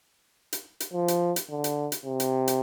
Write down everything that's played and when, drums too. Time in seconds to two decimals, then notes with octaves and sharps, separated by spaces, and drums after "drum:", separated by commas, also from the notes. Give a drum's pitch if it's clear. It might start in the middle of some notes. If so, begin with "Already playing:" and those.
0.53 drum: hi-hat
0.80 drum: hi-hat
0.94 F3
1.08 drum: hi-hat
1.36 drum: hi-hat
1.50 D3
1.64 drum: hi-hat
1.92 drum: hi-hat
2.05 C3
2.20 drum: hi-hat
2.48 drum: hi-hat